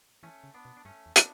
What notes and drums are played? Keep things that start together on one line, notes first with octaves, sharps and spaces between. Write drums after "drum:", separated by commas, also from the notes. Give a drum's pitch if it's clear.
E3 A3 C#4
C#3
B3 D4
B2
D4
G2 A3 C#4
E2
B3 D4, drum: hi-hat